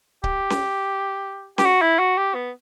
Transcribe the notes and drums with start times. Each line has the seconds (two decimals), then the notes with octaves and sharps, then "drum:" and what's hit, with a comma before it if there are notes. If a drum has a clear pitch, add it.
0.24 G4, drum: kick C#1
0.50 drum: snare C#4
1.58 G4, drum: snare C#4
1.65 F#4
1.82 E4
1.99 F#4
2.17 G4
2.35 B3